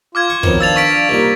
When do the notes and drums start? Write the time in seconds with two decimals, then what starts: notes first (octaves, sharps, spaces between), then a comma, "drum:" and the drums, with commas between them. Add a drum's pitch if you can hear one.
0.15 F4 D6 F6 G#6
0.30 C#6
0.43 D#3 F3 F#3 B3 C4, drum: kick
0.60 D4 F5 E6 A6 F7
0.76 C#6 B6 D7
1.09 C2 A#2 A#3 D#4